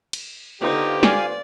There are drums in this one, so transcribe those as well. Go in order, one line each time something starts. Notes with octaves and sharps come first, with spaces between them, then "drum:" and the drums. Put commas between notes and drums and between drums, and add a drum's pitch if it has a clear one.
drum: cymbal
D3 B3 D#4 F4 G4 C5
D5 F5 G#5, drum: snare